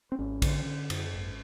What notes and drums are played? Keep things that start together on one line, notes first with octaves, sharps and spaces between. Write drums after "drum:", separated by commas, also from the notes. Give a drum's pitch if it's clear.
C4
G#1 C#4
D3, drum: kick A#1, cymbal
D3
F#2, drum: cymbal
G#1